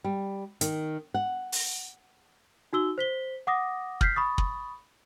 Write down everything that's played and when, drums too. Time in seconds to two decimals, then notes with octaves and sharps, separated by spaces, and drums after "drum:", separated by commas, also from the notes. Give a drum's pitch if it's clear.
0.04 G3
0.61 D#3, drum: hi-hat
1.14 F#5
1.52 drum: open hi-hat
2.73 D#4 F#4 E6 G7
2.98 C5 B6 G7
3.47 F#5 D6 D#6 A#6
4.01 F6 G6 B6 C7, drum: kick
4.16 B5 C#6 D#6 A6
4.38 drum: kick